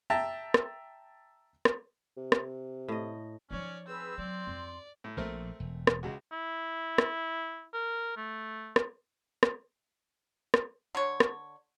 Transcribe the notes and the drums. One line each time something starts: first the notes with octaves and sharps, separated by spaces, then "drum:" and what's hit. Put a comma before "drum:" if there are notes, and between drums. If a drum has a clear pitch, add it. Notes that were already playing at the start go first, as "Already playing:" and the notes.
E5 G5 A5 A#5
drum: rim click
drum: rim click
C3
drum: rim click
A2 D#5
F3 C#4 D#4 C#5 D5
C4 G#4 B4 E6
F#3 D5 C6
F2
A2
A#1 A#2 A3 C4 A#4
E1
drum: rim click
C#2 G#3 F#4
E4
drum: rim click
A#4
A3
drum: rim click
drum: rim click
drum: rim click
D3 D4 C#5
drum: rim click